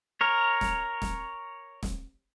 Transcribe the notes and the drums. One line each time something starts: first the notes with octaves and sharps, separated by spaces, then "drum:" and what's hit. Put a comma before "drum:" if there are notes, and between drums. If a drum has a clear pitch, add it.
A#4 C#5
drum: snare
drum: snare
drum: snare